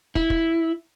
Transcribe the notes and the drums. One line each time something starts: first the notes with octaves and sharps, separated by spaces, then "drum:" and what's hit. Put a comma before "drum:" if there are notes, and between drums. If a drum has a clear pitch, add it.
E4, drum: kick
drum: kick